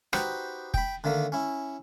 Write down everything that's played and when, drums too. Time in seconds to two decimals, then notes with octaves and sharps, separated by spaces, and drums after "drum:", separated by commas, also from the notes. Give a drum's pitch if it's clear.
0.13 D#4 F#4 G4 B4 C5, drum: rim click
0.74 G5 B5, drum: kick F1
1.04 D3 D#3 A3 A#3
1.32 C#4 E4